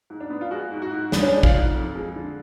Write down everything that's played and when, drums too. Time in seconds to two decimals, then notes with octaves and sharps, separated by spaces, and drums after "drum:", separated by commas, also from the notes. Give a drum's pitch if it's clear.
0.10 G#2
0.20 D4
0.30 B3
0.41 F4
0.51 G#3 F#4
0.72 G#2
0.82 F#4
0.92 G#2
1.12 B3 D4, drum: snare
1.22 C#4
1.32 G#3 D4
1.43 F4, drum: kick
1.54 G#2
1.74 F2
1.95 G#3
2.16 D3